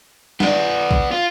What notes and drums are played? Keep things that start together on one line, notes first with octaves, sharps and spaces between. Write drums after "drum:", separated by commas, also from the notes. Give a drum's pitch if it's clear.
B3 D5, drum: snare
drum: kick
F4